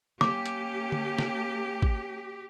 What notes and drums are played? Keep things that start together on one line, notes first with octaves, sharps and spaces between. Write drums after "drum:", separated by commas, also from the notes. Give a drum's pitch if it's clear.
A#3 C#4 G4 D6, drum: snare
drum: hi-hat
drum: tom D3
drum: snare
drum: kick